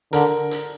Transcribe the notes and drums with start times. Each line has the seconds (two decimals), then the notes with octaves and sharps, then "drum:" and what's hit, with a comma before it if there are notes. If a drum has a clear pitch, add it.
0.13 D3 A#4, drum: hi-hat
0.51 drum: hi-hat